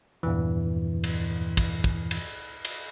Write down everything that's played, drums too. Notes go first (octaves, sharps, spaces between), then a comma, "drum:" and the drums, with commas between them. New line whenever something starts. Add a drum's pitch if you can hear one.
E2 G2 A#2 E3
drum: cymbal
drum: kick, cymbal
drum: kick
drum: cymbal
drum: cymbal